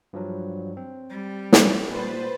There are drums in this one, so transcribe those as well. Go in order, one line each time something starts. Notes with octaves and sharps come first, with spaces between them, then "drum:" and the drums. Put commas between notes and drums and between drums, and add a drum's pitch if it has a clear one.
G2 F3 F#3
C4
G3
drum: snare
A#2 B4 C5 A6